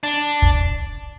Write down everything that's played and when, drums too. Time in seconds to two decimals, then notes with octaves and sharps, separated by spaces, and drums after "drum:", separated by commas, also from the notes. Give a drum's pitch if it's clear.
0.03 D4
0.42 drum: kick